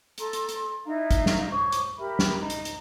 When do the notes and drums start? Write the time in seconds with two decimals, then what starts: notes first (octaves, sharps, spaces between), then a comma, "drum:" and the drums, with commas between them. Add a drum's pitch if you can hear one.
0.18 A4 A#5 C6, drum: hi-hat
0.33 drum: hi-hat
0.49 drum: hi-hat
0.85 D#4 E4 F5 A#5
1.11 drum: kick, hi-hat
1.26 drum: snare
1.50 C5 C#5 C#6 D6
1.72 drum: hi-hat
1.96 G4 A#4 E5 B5
2.19 drum: snare
2.38 D#4
2.50 drum: hi-hat
2.65 drum: hi-hat